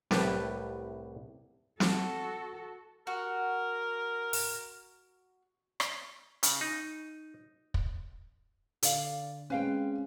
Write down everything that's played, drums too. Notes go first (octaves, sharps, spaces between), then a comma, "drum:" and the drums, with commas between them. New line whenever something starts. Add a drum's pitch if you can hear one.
C2 A2 G4 B4 A5, drum: snare
F#4 A4, drum: snare
F#4 A#4
drum: open hi-hat
drum: rim click
C#3, drum: hi-hat
D#4
drum: kick
D3 D5 F5, drum: hi-hat
G#3 C4 C#4 B4 F5 G5